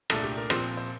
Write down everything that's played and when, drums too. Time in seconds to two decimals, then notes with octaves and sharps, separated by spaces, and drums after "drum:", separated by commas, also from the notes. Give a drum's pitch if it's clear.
0.10 C2 A#2 A3 D4 A4, drum: rim click
0.24 G4
0.37 A#4
0.50 A#2 F3 C4 C5, drum: rim click
0.77 C5